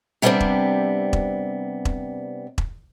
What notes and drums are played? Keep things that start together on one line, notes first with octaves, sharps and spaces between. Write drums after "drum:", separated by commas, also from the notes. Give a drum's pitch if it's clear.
C3 G3 A3 B3 C4 D4
drum: kick E1
drum: kick E1
drum: kick E1
drum: kick E1